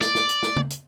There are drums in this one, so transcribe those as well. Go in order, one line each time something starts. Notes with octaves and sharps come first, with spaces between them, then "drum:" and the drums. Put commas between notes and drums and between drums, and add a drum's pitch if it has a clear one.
D5, drum: snare
drum: snare
drum: hi-hat
drum: snare
drum: tom
drum: hi-hat